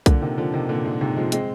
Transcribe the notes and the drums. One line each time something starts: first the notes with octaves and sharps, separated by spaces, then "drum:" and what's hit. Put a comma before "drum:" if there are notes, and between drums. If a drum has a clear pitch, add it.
A#2 D3, drum: kick B1, hi-hat
C3 D#3
D3 F3
C3 D#3
A#2 D3
G#2
G#2 C3
F3 G#3
G#3 C4, drum: hi-hat